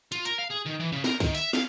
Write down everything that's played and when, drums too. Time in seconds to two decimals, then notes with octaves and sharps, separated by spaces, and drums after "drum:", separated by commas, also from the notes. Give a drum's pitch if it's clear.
0.12 F4, drum: hi-hat
0.25 A#4, drum: hi-hat
0.39 F5
0.51 G#4
0.66 D#3
0.80 E3
0.92 C#3
1.04 A#4, drum: snare
1.20 D#3, drum: kick, open hi-hat
1.35 E5, drum: open hi-hat
1.53 F5, drum: snare